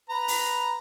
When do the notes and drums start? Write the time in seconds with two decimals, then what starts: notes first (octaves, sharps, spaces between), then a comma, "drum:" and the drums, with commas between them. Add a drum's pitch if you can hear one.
0.10 B4 A#5
0.28 drum: open hi-hat